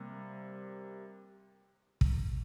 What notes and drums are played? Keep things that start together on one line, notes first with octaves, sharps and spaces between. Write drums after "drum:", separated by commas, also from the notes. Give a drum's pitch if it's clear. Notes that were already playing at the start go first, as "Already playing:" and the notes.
Already playing: C3 G3 A#3
drum: kick